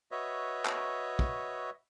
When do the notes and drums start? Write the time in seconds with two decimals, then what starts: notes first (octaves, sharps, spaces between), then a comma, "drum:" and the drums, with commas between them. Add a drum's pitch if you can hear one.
0.11 F#4 B4 C#5 D#5 E5
0.65 drum: clap
1.19 drum: kick